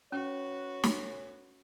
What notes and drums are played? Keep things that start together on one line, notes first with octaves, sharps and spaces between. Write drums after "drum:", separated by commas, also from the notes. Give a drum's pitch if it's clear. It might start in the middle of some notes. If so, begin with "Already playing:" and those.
C#4 F#4 B4 C#5
drum: snare